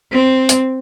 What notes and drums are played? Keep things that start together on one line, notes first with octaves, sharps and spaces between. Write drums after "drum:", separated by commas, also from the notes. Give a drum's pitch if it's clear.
C4
drum: hi-hat